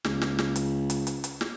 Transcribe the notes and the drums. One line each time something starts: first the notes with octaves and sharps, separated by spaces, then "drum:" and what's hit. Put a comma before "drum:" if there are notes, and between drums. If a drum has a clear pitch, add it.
C#2, drum: snare
drum: snare
drum: snare
drum: hi-hat
drum: hi-hat
drum: hi-hat
drum: hi-hat
drum: snare